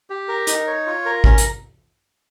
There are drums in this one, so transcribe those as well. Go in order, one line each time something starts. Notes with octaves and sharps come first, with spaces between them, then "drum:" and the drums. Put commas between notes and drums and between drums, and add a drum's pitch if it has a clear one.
G4
A#4
D#4, drum: hi-hat
C#5
F4
A#4
C#4, drum: kick G#1
drum: hi-hat